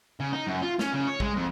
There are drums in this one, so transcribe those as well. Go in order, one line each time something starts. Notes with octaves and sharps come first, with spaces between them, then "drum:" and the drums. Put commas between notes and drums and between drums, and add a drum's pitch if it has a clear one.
C#3
D#4
F#2
F4
C#4, drum: snare
C#3
C#5
G#3, drum: kick
F2